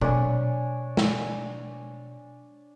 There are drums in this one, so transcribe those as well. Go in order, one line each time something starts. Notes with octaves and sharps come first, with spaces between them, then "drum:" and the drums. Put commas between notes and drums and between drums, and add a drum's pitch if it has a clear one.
B2 D4 C#5 G#5, drum: tom A#2
drum: snare